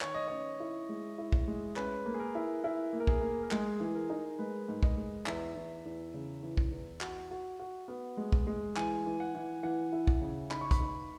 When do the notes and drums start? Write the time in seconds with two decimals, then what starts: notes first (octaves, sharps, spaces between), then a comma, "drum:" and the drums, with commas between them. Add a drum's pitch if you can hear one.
0.01 D#3 C#5, drum: clap
0.14 D#5
0.28 C#4 C#5
0.60 E4
0.89 G#3
1.18 E4
1.32 drum: kick
1.48 G#3
1.76 C#4 B4, drum: clap
2.06 A#3
2.14 G#4
2.20 A#4
2.35 E4
2.64 E4 A#4
2.93 A#3
3.00 A#4
3.07 G#4, drum: kick
3.21 A#3
3.43 A#4
3.51 G#3 G#4, drum: clap
3.80 E3 G#4
3.95 A#4
4.10 D#4
4.39 G#3 B4
4.68 G#2
4.83 D#5, drum: kick
4.97 G#3
5.26 E2 E5, drum: clap
5.55 E2
5.85 E2
6.14 C#3
6.43 E3
6.57 drum: kick
6.71 E2
7.01 F#4, drum: clap
7.31 F#4
7.59 F#4
7.88 B3
8.17 G#3
8.32 drum: kick
8.47 G#3
8.76 E3 G#5, drum: clap
9.06 E3
9.20 F#5
9.35 E3
9.63 E3 F#5
9.92 E4
10.07 drum: kick
10.21 C#3
10.51 D#4 B5, drum: clap
10.61 C#6
10.71 B5, drum: kick, hi-hat
10.80 D#4